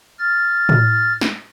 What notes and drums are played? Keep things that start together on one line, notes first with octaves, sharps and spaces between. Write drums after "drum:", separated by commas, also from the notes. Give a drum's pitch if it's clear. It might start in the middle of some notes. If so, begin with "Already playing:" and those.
F6 A6
drum: tom A2
drum: snare